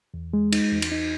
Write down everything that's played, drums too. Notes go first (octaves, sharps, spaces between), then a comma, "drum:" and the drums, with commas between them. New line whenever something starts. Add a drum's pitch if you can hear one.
E2
G#3
D#4, drum: cymbal
E2
drum: cymbal
D#4